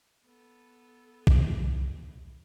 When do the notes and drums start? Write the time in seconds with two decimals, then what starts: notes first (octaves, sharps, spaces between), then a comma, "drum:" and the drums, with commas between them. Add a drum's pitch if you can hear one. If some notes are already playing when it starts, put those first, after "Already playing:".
0.25 B3 A4
1.27 drum: kick